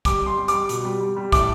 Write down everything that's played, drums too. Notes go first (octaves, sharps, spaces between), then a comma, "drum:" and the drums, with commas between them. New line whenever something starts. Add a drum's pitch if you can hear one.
G3 D6, drum: kick, hi-hat
G3 C6
G3
G3 D6, drum: hi-hat
B2, drum: hi-hat
G3
G3
G3
A2 D6, drum: kick, hi-hat